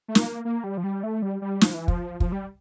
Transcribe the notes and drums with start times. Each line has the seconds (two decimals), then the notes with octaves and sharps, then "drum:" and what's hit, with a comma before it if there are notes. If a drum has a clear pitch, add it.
0.08 A3
0.15 A#3, drum: snare
0.45 A#3
0.64 G3
0.78 F3
0.84 G3
1.03 A3
1.22 G3
1.42 G3
1.61 F3, drum: snare
1.74 E3
1.88 F3, drum: kick
2.20 F3, drum: kick
2.32 G3